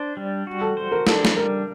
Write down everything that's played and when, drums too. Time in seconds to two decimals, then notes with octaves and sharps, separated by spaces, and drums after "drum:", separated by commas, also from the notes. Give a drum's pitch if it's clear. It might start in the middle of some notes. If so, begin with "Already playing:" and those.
Already playing: D4 C5
0.17 G3
0.47 F#4
0.61 A4
0.77 C5
0.92 A#4
1.07 D4 A4, drum: snare
1.25 drum: snare
1.36 G3 A#4